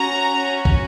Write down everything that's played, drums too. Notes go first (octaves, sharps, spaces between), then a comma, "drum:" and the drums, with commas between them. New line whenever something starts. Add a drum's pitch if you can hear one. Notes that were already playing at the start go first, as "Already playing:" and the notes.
Already playing: C#4 F#4 A#5
drum: kick